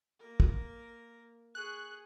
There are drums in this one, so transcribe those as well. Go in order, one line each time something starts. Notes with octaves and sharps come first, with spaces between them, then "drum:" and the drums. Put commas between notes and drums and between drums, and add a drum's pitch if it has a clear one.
A#3 A#4
drum: kick
G#4 C#6 F#6